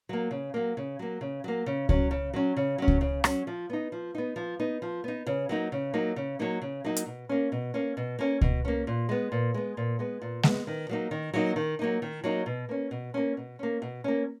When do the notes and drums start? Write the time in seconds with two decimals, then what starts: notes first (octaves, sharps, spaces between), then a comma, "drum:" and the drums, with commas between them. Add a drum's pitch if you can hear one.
0.09 F#3 A#3
0.31 C#3
0.54 F#3 A#3
0.77 C#3
0.99 F#3 A#3
1.21 C#3
1.44 F#3 A#3
1.66 C#3
1.89 F#3 C#4, drum: kick C#2
2.11 C#3
2.34 F#3 C#4
2.56 C#3
2.78 F#3 C#4
2.88 drum: kick C#2
3.01 C#3
3.24 F#3 C#4, drum: rim click
3.47 F3
3.70 B3 D#4
3.92 F3
4.15 B3 D#4
4.36 F3
4.60 B3 D#4
4.82 F3
5.04 B3 D#4
5.27 C#3
5.49 F#3 A#3 D#4
5.72 C#3
5.94 F#3 A#3 D#4
6.16 C#3
6.39 F#3 A#3 D#4
6.62 C#3
6.84 F#3 A#3 D#4
6.96 drum: hi-hat
7.06 B2
7.29 A#3 C#4
7.52 B2
7.74 A#3 C#4
7.97 B2
8.19 A#3 C#4
8.41 B2, drum: kick C#2
8.65 A#3 C#4
8.87 A#2
9.09 G#3 B3
9.32 A#2
9.54 G#3 B3
9.77 A#2
9.99 G#3 B3
10.22 A#2
10.43 G#3 B3, drum: snare G#3
10.67 D#3
10.89 F#3 A#3 D#4
11.11 D#3
11.33 F#3 A#3 D#4
11.56 D#3
11.79 F#3 A#3 D#4
12.02 D#3
12.24 F#3 A#3 D#4
12.46 B2
12.69 A#3 C#4
12.91 B2
13.14 A#3 C#4
13.37 B2
13.59 A#3 C#4
13.82 B2
14.04 A#3 C#4